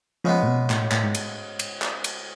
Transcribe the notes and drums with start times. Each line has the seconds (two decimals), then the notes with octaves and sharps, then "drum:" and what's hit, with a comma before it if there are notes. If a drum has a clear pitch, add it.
0.24 C#3 F3 G#3 B3
0.43 A2
0.47 B2
0.70 A2, drum: clap
0.92 A2, drum: clap
1.03 G#2
1.15 drum: cymbal
1.59 drum: cymbal
1.82 drum: clap
2.04 drum: cymbal